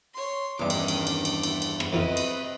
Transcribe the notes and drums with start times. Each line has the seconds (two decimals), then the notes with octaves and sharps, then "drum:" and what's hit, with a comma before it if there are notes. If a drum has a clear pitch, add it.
0.14 C#5 C6
0.59 E2 G2 D#3 G3 C#4 D6
0.70 drum: cymbal
0.88 drum: cymbal
1.07 drum: cymbal
1.25 drum: cymbal
1.43 B3 E4, drum: cymbal
1.62 drum: cymbal
1.80 drum: rim click
1.93 F2 E3 C4 E4 F4 B4 D#5
2.17 drum: cymbal